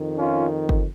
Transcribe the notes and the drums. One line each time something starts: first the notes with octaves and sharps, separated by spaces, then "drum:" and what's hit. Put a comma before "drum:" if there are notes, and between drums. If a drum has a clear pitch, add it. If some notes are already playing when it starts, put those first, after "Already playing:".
Already playing: F2 D#3
C#4 F4
drum: kick G1